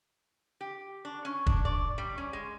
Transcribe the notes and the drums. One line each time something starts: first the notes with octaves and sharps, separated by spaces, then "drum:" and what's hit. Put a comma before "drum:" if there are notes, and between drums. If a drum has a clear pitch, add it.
G4
D4
C#4
D4, drum: kick
D5
G3
C#4
G#3